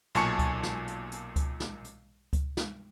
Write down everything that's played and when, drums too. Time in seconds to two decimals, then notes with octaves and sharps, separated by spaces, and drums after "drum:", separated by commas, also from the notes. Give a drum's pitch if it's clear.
0.15 B1 A#2 G#5 A5 C#6 C#7, drum: hi-hat
0.39 drum: kick C#2, hi-hat
0.63 drum: snare
0.87 drum: hi-hat
1.12 drum: hi-hat
1.36 drum: kick C#2, hi-hat
1.60 drum: snare
1.84 drum: hi-hat
2.33 drum: kick C#2, hi-hat
2.57 drum: snare